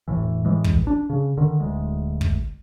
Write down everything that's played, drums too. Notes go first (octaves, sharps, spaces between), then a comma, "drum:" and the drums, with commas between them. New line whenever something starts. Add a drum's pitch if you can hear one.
E1 B1 A2 E3
A2 E3 G#3
drum: kick
D4
C#3
D3 D#3
D1 D2 G#3
drum: kick